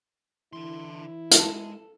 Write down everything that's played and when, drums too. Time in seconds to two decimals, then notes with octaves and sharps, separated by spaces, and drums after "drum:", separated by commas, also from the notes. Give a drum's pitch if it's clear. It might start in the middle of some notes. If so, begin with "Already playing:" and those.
0.53 D3 E3 E4 C6
1.31 G#3 A4, drum: hi-hat